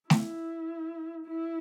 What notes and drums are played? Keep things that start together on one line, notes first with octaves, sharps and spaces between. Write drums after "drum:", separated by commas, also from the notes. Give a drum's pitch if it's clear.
E4, drum: snare A3
E4